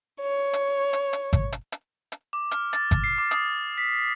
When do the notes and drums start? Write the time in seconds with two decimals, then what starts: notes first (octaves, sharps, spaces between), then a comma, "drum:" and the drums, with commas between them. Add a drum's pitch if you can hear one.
0.21 C#5
0.53 drum: hi-hat
0.93 drum: hi-hat
1.13 drum: hi-hat
1.33 drum: kick G#1, hi-hat
1.52 drum: hi-hat
1.72 drum: hi-hat
2.12 drum: hi-hat
2.33 D6
2.51 F6, drum: hi-hat
2.73 A6, drum: hi-hat
2.91 drum: kick G#1, hi-hat
3.04 C7
3.18 D6
3.31 D#6, drum: hi-hat
3.78 B6